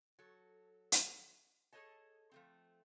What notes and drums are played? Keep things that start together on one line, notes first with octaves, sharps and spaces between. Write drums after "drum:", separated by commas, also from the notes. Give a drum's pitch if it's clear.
F#3 A4
drum: hi-hat
G#4 A4 C5 C#5 D#5 A5
F3 A3 C4